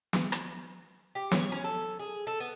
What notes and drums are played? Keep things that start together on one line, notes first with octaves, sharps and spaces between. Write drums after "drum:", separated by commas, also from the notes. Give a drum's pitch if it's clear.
drum: snare
drum: rim click
G4
C#5, drum: snare
C#4
A4
G#4
A4
B3